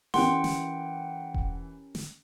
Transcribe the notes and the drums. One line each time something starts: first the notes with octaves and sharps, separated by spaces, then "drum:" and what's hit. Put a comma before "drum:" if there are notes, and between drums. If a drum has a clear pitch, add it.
E3 C#4 G4 A#4 F#5 G5 C6, drum: snare
drum: snare
drum: kick E1
drum: snare